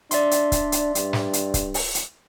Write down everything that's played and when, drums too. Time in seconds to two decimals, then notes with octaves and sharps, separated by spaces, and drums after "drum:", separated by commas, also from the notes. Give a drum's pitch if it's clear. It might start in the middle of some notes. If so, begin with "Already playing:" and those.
0.11 D4 D5 E5 C6, drum: hi-hat
0.31 drum: hi-hat
0.52 drum: kick, hi-hat
0.72 drum: hi-hat
0.95 G2, drum: hi-hat
1.13 drum: snare
1.33 drum: hi-hat
1.54 drum: kick, hi-hat
1.74 drum: open hi-hat
1.95 drum: hi-hat